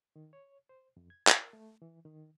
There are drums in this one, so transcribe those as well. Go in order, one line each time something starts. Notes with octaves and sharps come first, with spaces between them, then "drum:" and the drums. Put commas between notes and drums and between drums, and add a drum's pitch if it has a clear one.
D#3
C#5
C5
F2
G#6
A#4, drum: clap
A3
E3
D#3